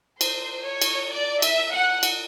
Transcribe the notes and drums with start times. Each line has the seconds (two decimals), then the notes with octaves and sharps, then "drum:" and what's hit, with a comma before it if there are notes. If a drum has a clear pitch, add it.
0.21 C5, drum: cymbal
0.66 C#5
0.82 drum: cymbal
1.12 D5
1.42 E5, drum: cymbal
1.73 F#5
2.03 drum: cymbal